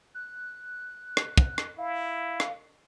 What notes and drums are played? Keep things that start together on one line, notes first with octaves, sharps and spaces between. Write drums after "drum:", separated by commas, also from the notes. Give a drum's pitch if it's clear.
F#6
drum: rim click
drum: kick
drum: rim click
E4 F5
drum: rim click